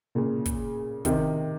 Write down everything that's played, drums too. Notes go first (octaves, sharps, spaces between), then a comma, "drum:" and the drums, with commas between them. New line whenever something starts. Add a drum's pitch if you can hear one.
A#2 C#3
drum: kick, hi-hat
C3 D#3, drum: kick, hi-hat